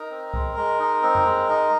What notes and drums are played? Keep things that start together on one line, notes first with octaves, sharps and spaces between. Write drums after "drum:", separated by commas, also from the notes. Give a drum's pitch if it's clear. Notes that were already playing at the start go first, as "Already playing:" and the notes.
Already playing: D#4 A#4
C4
G#3, drum: kick C2
G#3
D#4
C4
drum: tom F2
G#3
D#4